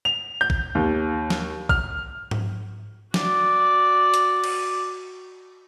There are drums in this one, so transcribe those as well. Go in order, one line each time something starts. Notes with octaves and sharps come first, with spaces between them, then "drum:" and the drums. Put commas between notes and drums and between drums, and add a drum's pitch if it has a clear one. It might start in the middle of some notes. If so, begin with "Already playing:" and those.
F7
G6
drum: kick
D#2
drum: snare
F6, drum: kick
drum: tom G#2
F#4 D5, drum: snare
drum: hi-hat
drum: cymbal